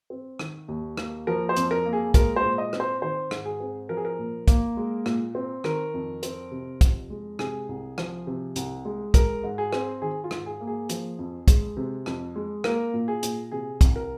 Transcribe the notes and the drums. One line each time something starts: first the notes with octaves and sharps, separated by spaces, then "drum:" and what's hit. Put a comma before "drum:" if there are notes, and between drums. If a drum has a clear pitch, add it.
C4
D#3, drum: rim click
D#2
A#3, drum: rim click
F3 A#4
C5
F2, drum: hi-hat
A#4
A#3
G#4
G#3 A#4, drum: kick, hi-hat
C5
A#2
D#5
C4, drum: rim click
C5
D#3 C5
G#2, drum: rim click
G#4
C4
F3 A#4
G#4
A#4
A#2
A#3, drum: kick, hi-hat
G#3
A#2, drum: rim click
C4
D#3 A#4, drum: rim click
F2
C4, drum: hi-hat
C3
F2, drum: kick, hi-hat
G#3
C3 G#4, drum: rim click
C2
F3, drum: rim click
C3
C2, drum: hi-hat
G#3
G#3 A#4, drum: kick, hi-hat
G#2
G#4
C4, drum: rim click
D#3 G#4
F4
G#2, drum: rim click
G#4
A#3
G#4
F3, drum: hi-hat
F2
G#3, drum: kick, hi-hat
C3
F2, drum: rim click
G#3
A#3 A#4, drum: rim click
A#2
G#4
A#2, drum: hi-hat
C3 G#4
C2, drum: kick, hi-hat
A#4